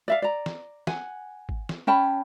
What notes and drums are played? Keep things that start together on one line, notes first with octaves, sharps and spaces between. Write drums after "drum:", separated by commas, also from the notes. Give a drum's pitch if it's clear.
D5 E5 F5
D5 A#5
drum: snare
F#5 G#5, drum: snare
drum: kick
drum: snare
C#4 G5 A5 B5